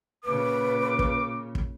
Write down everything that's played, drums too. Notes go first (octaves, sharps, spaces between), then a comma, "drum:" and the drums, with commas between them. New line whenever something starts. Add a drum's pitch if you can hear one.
A#2 C#3 B4 D6
drum: kick
drum: kick